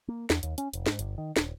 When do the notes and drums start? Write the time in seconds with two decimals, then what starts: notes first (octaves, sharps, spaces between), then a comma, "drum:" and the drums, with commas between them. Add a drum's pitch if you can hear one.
0.08 A#3
0.30 E2, drum: snare
0.43 D#2, drum: hi-hat
0.58 C#4, drum: hi-hat
0.74 F1, drum: hi-hat
0.86 G#2, drum: snare
0.99 G1, drum: hi-hat
1.18 D#3
1.36 D#1, drum: snare